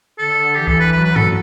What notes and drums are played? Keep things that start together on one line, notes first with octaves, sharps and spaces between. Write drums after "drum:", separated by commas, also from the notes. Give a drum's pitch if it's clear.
D3 A4
E3 G4
A4, drum: kick
B4
F#3 B4
B4
A4, drum: tom G2